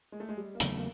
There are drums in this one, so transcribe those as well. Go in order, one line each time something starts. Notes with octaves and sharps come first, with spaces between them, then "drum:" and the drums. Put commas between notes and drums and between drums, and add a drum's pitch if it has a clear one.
G#3
A3
G#3
G3
A#3
E2 C#3 F#3 A3 B3, drum: hi-hat
A#3